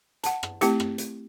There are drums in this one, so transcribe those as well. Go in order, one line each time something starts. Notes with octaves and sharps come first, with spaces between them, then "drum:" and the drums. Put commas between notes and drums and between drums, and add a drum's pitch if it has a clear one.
F#5 A5, drum: hi-hat
drum: rim click
A3 C4 E4 G4, drum: hi-hat
drum: rim click
drum: hi-hat